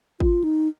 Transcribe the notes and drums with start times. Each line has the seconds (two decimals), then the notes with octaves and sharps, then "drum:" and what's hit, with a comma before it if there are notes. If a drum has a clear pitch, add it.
0.20 F4, drum: kick G#1
0.44 D#4